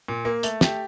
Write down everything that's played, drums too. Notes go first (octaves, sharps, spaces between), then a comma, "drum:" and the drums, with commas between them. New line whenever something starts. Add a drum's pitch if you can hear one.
A#2
A#3
A3, drum: hi-hat
G4, drum: snare